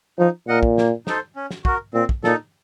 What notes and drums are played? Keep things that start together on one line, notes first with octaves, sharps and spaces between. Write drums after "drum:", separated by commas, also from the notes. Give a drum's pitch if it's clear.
F3 D#4
A#2 A#4 D#5 F#5
drum: kick
A#3, drum: snare
D#4 A4 C5, drum: snare
C#4
drum: snare
F#4 A#4, drum: kick
A#2 C4
drum: kick
A#2 D#4 A4, drum: snare